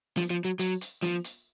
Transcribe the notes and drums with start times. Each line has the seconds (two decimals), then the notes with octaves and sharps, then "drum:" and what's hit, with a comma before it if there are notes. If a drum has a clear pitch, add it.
0.17 F3, drum: snare
0.30 F3
0.45 F#3
0.59 F#3, drum: hi-hat
0.81 drum: hi-hat
1.03 F3, drum: snare
1.24 drum: hi-hat